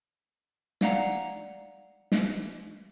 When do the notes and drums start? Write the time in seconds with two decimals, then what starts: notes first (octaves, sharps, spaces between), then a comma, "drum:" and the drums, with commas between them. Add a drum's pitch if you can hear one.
0.81 D5 F5 F#5 A#5, drum: snare
2.12 drum: snare